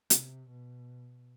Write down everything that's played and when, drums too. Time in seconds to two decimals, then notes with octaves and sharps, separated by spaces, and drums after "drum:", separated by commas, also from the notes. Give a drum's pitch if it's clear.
0.10 C3, drum: hi-hat
0.50 B2